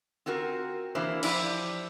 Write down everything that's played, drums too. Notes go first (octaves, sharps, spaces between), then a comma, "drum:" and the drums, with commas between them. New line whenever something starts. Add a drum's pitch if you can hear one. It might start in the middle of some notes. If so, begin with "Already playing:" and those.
C4 F4 F#4 A#4
C3 E3 A#3 D4 E4 C5
F3 E4 G4 C5 D5, drum: cymbal